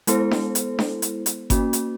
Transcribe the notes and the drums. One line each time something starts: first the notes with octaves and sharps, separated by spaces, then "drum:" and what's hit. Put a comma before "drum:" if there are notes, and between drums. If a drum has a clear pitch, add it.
G#3 B3 E4 A4 C5, drum: hi-hat
drum: snare D4
drum: hi-hat
drum: snare D4
drum: hi-hat
drum: hi-hat
A#3 C#4 F#4, drum: kick G1, hi-hat
drum: hi-hat